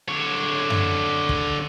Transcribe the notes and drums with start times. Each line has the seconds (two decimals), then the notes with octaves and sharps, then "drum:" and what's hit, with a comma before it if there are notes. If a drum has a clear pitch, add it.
0.08 D3 C#5
0.70 drum: tom F#2
1.29 drum: kick